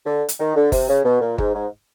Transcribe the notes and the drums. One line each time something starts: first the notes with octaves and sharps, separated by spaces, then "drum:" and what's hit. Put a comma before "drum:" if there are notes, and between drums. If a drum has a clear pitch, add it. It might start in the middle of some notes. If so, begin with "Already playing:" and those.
D3
drum: hi-hat
D#3
D3
C3, drum: kick G1, open hi-hat
C#3
B2
A#2
G#2, drum: kick G1
G#2